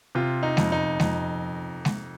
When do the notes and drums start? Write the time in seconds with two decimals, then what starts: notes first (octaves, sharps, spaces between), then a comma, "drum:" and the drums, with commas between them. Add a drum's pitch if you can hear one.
0.15 C3 F4
0.43 D#4
0.57 F2, drum: snare G#3
0.72 D#4
1.00 F2, drum: snare G#3
1.85 drum: snare G#3